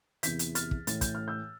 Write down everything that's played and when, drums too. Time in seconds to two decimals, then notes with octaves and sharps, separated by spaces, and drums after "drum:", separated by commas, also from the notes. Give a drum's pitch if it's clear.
0.23 E2 C3 E3 G6 B6, drum: hi-hat
0.39 drum: hi-hat
0.55 F6 A6, drum: hi-hat
0.71 drum: kick
0.87 A2 E3 A6, drum: hi-hat
1.01 G6, drum: kick, hi-hat
1.15 F6
1.28 E6 G6